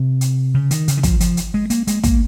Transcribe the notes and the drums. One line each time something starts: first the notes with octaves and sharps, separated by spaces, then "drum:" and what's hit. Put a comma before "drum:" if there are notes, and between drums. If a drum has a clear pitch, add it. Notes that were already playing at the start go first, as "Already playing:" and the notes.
Already playing: C3
drum: hi-hat
C#3
D#3, drum: hi-hat
C#3, drum: hi-hat
D#3
F3, drum: kick, hi-hat
F3, drum: hi-hat
drum: hi-hat
G#3
A#3, drum: hi-hat
G#3, drum: hi-hat
A#3, drum: kick, hi-hat